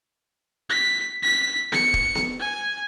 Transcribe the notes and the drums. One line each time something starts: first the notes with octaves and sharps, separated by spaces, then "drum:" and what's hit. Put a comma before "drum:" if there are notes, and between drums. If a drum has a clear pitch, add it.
B6
B6
C#7, drum: snare B3
drum: kick E1
drum: snare B3
G#5